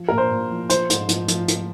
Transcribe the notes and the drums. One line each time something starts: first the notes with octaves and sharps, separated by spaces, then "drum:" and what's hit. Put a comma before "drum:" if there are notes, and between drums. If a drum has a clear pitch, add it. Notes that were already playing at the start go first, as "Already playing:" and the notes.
Already playing: F3
A#2 A#4
C5
A#2
F3
F3 C5, drum: hi-hat
G#2, drum: hi-hat
F3, drum: hi-hat
F3, drum: hi-hat
drum: hi-hat